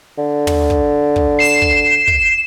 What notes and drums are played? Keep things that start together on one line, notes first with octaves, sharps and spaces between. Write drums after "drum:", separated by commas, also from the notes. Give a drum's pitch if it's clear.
D3
drum: tom
drum: kick
drum: kick
C7 E7
drum: kick
drum: kick